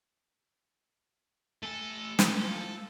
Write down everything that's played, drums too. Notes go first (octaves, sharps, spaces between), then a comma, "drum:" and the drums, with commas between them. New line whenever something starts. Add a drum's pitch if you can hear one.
A3 A4 G#5
F4 C5, drum: snare